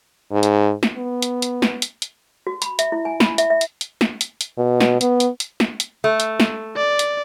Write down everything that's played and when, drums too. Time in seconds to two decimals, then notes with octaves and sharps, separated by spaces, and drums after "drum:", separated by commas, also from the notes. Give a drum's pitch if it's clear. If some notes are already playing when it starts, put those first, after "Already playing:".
0.32 G#2
0.43 drum: hi-hat
0.83 drum: snare
0.97 B3
1.22 drum: hi-hat
1.42 drum: hi-hat
1.62 drum: snare
1.82 drum: hi-hat
2.02 drum: hi-hat
2.47 F#4
2.62 B5, drum: hi-hat
2.79 E5, drum: hi-hat
2.92 E4
3.05 G#5
3.20 B5, drum: snare
3.38 E5, drum: hi-hat
3.50 E5
3.61 drum: hi-hat
3.81 drum: hi-hat
4.01 drum: snare
4.21 drum: hi-hat
4.41 drum: hi-hat
4.58 B2
4.80 drum: snare
5.01 B3, drum: hi-hat
5.20 drum: hi-hat
5.40 drum: hi-hat
5.60 drum: snare
5.80 drum: hi-hat
6.04 A3
6.20 drum: hi-hat
6.40 drum: snare
6.77 D5
6.99 drum: hi-hat